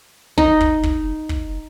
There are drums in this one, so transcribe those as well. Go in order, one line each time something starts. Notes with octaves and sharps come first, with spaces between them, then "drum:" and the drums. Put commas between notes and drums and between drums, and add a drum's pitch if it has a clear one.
D#4, drum: kick
drum: kick
drum: kick
drum: kick